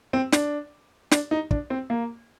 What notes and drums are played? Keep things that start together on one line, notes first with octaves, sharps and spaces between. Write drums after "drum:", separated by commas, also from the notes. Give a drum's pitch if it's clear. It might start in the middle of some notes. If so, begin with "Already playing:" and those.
C4
D4, drum: snare
D4, drum: snare
D#4
D4, drum: kick
C4
A#3